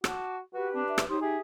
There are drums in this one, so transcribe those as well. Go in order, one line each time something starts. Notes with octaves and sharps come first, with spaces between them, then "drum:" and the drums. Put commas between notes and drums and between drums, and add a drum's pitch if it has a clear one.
F#4 A5 D6, drum: rim click
F#4 G4 B4
C4 D4
E5
drum: rim click
D#4 G4 C5 C#5 D#6
G4 G#4 E5